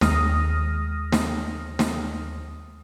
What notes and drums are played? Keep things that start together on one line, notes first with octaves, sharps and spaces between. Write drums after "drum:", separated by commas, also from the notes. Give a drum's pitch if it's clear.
D#2 G#3 D#6 F6 A#6, drum: snare
drum: snare
drum: snare